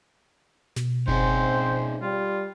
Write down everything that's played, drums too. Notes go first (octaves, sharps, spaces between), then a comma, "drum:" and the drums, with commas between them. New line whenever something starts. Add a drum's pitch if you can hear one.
B2, drum: snare
C4 C#4 D#4 G#4 C5, drum: kick F#1
G3 F4